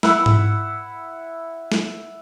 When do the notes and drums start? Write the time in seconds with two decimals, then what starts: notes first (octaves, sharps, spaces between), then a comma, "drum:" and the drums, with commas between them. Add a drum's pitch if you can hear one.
0.03 E4 F#5 B5 E6, drum: snare
0.26 drum: tom G#2
1.72 drum: snare